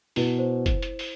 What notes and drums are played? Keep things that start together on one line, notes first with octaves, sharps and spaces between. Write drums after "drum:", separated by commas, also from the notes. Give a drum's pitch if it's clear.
B2 E4, drum: open hi-hat
C5
drum: kick, hi-hat
drum: hi-hat
drum: open hi-hat